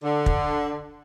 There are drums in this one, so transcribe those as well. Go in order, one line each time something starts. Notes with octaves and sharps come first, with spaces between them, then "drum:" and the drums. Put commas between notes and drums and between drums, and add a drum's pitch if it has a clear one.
D3
drum: kick